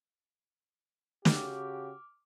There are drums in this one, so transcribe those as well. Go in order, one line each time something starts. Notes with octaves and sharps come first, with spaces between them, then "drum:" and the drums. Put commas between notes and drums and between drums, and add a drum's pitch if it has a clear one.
C#3 F#4 G4 D6 F6, drum: snare